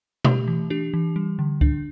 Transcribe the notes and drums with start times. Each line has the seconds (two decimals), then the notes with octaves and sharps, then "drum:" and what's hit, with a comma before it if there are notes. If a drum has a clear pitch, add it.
0.25 A3 G4, drum: tom B2
0.48 E3
0.70 D4 G4
0.94 E3
1.16 G3
1.39 D3
1.61 D4, drum: kick C#2